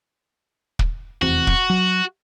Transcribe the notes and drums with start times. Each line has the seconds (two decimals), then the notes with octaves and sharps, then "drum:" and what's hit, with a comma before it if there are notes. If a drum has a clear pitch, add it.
0.79 drum: kick
1.22 F1 E2 C4 F#4
1.47 drum: kick
1.70 F#3